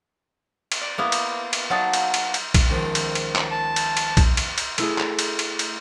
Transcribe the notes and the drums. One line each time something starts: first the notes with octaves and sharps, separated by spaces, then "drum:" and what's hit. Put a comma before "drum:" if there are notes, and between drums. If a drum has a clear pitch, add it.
drum: cymbal
D5
A#3 B3 E4
drum: cymbal
drum: cymbal
F#3 D#4 F#4 F5 A5
drum: cymbal
drum: cymbal
drum: cymbal
drum: kick A#1, cymbal
C#2 D#3 F3
drum: cymbal
drum: cymbal
drum: clap
A5
drum: cymbal
drum: cymbal
drum: kick A#1, cymbal
drum: cymbal
drum: cymbal
A3 E4 G#4, drum: cymbal
drum: clap
drum: cymbal
drum: cymbal
drum: cymbal